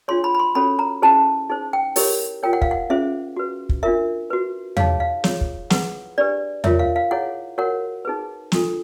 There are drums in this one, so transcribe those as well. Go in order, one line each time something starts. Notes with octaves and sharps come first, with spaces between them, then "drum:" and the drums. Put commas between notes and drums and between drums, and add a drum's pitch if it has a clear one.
D4 F4 G#4 C#5 C6
B5
B5
C6
C#4 F#4 A4 C#5 B5
A#5
C#4 E4 G#4 C5 A5
D#4 G#4 C5
G5
E4 G4 A#4 C#5, drum: open hi-hat
F4 A#4 C#5 G5
F#5
F5, drum: kick
F#5
C#4 F4 G#4 C5 E5
F#4 B4
drum: kick
D4 F4 A#4 E5
F#4 B4
D#4 G#4 C#5 F5, drum: tom E2
F5
F4 G#4 C#5, drum: snare
drum: kick
E4 G#4 B4 F#5, drum: snare
D4 G4 B4 D5
F4 A#4 C#5 E5, drum: tom E2
F5
F5
E4 G#4 C#5 F#5
F#4 A#4 C#5 F#5
D#4 G#4 B4
D4 F4 A4, drum: snare